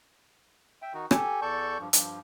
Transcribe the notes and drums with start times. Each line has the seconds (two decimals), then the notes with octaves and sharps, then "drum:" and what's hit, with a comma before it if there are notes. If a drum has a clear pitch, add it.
0.82 E5 G5
0.94 D#3 D#4 F#4
1.11 G4 A4 G#5, drum: rim click
1.42 E2 A4 D5 A5 C#6 G6
1.79 G2 F3
1.93 G2 F3, drum: hi-hat